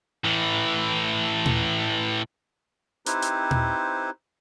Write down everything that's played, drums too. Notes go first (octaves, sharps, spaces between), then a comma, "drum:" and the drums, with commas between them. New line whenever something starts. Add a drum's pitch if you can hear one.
A2 E3
drum: tom A#2
C4 D#4 E4 G4 B4 C5, drum: hi-hat
drum: hi-hat
drum: tom A#2